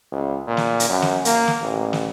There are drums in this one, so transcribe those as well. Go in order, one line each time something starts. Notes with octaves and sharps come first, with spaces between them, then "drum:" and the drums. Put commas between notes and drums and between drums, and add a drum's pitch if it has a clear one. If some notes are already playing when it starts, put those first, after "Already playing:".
C#2
A#2
drum: snare
drum: hi-hat
F#2
drum: snare
A#3, drum: hi-hat
drum: snare
A1
drum: snare